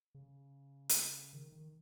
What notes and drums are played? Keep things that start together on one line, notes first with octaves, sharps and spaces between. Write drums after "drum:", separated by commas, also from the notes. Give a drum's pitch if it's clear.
C#3
drum: hi-hat
D#3
D#3